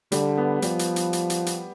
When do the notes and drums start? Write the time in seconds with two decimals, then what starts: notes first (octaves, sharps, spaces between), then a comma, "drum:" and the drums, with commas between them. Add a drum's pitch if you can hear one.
0.12 D3 G3, drum: hi-hat
0.38 B3
0.62 F3 G3, drum: hi-hat
0.79 drum: hi-hat
0.96 drum: hi-hat
1.13 drum: hi-hat
1.30 drum: hi-hat
1.46 drum: hi-hat